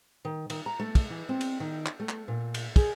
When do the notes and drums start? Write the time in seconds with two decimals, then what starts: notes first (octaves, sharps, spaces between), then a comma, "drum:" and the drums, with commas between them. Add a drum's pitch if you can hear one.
0.25 D#3
0.50 D#3, drum: cymbal
0.66 A#5
0.79 A3
0.95 drum: kick, cymbal
1.10 E3
1.29 C4
1.41 drum: cymbal
1.60 D#3
1.86 drum: clap
2.00 A3
2.09 drum: clap
2.28 A#2
2.54 drum: cymbal
2.76 G#4, drum: kick, cymbal